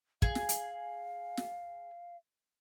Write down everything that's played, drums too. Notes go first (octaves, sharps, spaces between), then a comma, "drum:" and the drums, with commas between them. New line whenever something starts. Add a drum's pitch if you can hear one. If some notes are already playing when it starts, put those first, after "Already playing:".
G#4 F5, drum: kick
drum: snare
drum: hi-hat
drum: snare